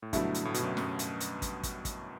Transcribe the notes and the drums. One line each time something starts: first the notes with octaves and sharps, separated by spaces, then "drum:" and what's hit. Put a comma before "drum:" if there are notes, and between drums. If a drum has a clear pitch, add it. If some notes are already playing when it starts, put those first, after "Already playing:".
A2
G2 B2 D3 F#3 A3 E4, drum: kick, hi-hat
drum: hi-hat
A2
B2, drum: hi-hat
F#2 A2
F#2, drum: snare
drum: hi-hat
drum: hi-hat
drum: kick, hi-hat
drum: kick, hi-hat
drum: kick, hi-hat